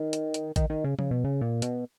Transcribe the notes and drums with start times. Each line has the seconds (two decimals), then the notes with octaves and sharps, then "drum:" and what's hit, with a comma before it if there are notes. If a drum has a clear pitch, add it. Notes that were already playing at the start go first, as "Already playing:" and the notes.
Already playing: D#3
0.13 drum: hi-hat
0.34 drum: hi-hat
0.56 D#3, drum: kick, hi-hat
0.70 D#3
0.84 C#3
0.99 C#3, drum: tom F3
1.11 B2
1.24 C#3
1.41 A#2
1.62 B2, drum: hi-hat